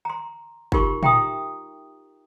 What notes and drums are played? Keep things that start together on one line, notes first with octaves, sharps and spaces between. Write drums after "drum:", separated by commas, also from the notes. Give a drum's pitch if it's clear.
A#5 C6
D#4 F4 G4 A#4 C6 C#6, drum: kick
E5 G5 A#5 C6 D#6, drum: tom